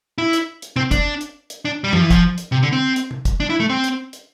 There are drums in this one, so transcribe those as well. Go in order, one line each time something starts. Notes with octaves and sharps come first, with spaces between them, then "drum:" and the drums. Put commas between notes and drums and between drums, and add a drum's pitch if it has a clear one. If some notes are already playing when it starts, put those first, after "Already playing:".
E4
drum: hi-hat
drum: hi-hat
C4, drum: tom
D4, drum: kick, hi-hat
drum: hi-hat
drum: hi-hat
D4
G3
F3, drum: tom
E3
F3, drum: kick, hi-hat
drum: hi-hat
C3
D3
C4
drum: hi-hat
drum: tom
drum: kick, hi-hat
D4
E4
A3
C4
drum: hi-hat
drum: hi-hat